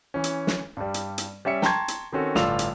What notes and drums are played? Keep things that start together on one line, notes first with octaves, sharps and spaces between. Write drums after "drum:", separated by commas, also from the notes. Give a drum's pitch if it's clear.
E3 C#4
drum: hi-hat
drum: snare
G2 G3
drum: hi-hat
drum: hi-hat
G3 C#4 E5 C#7
G5 A5 A#5 C6 C#6 G#6, drum: snare
drum: hi-hat
D#3 C4 C#4 F#4 A4
G1 A2 F4 D5 E6 F7, drum: snare
drum: hi-hat